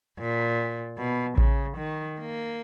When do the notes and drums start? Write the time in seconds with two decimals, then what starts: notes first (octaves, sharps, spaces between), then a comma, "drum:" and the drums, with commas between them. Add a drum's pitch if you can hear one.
0.18 A#2
0.98 B2
1.38 C#3, drum: kick A1
1.77 D#3
2.18 A#3